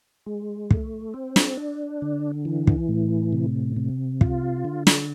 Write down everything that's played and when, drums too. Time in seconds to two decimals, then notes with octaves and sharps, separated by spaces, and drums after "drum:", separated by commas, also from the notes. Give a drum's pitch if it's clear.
0.26 G#3
0.71 A3, drum: kick
1.14 C4
1.36 drum: snare
1.57 D4
2.02 D3
2.45 E3
2.67 drum: kick
2.89 A2
3.33 C3
3.77 C3
4.21 F4, drum: kick
4.65 D3
4.87 drum: snare